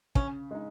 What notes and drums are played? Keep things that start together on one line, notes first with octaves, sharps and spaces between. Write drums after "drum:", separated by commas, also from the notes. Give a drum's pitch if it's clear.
C#3 C#4, drum: kick
G#3 D#4